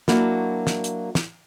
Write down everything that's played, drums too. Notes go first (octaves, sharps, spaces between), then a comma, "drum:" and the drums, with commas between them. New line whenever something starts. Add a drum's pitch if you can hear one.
F#3 A#3 D4 E4 F#4, drum: snare
drum: snare
drum: hi-hat
drum: snare